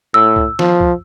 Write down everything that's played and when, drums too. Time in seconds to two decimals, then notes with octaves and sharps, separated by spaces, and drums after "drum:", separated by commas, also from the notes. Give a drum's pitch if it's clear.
0.14 A2 E6
0.36 drum: kick
0.59 F3, drum: snare
0.81 drum: kick